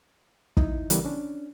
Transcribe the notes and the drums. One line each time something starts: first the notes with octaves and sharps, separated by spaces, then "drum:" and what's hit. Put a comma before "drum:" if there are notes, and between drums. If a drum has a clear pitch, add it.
D#4 E4, drum: kick
C#3 E3 G3 B3 A#4 B4, drum: hi-hat
C#4 D4